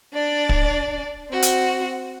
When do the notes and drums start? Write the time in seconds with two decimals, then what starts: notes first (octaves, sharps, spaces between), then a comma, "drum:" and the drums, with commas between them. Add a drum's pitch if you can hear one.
0.14 D4 D5
0.49 drum: kick
1.30 C4 F#4
1.43 drum: hi-hat